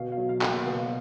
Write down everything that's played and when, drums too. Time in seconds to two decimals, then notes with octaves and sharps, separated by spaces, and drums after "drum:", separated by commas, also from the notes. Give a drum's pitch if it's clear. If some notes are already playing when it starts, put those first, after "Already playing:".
Already playing: B2 F5
0.12 F5
0.18 F#3
0.29 F5
0.41 A#3 F#5, drum: clap
0.47 F5
0.65 B2 F5